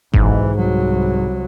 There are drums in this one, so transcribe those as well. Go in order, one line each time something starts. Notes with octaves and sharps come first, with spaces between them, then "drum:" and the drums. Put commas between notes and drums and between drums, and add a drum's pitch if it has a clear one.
B1 G#2 E3, drum: kick G1
C2 F#3